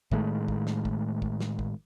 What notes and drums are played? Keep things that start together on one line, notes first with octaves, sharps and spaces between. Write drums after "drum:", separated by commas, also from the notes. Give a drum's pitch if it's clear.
A2 D#3 G#3 A3, drum: kick
drum: kick
drum: snare
drum: kick
drum: kick
drum: snare
drum: kick